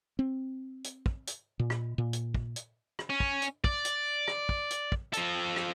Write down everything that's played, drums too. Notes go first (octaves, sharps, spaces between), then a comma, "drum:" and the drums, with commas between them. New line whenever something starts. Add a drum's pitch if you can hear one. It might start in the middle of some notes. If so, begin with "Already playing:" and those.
C4
drum: hi-hat
drum: kick
drum: hi-hat
A#2
drum: rim click
A#2
drum: hi-hat
drum: kick
drum: hi-hat
drum: rim click
C#4
drum: kick
drum: hi-hat
D5, drum: kick
drum: hi-hat
drum: rim click
drum: kick
drum: hi-hat
drum: kick
F3 A4, drum: hi-hat
drum: rim click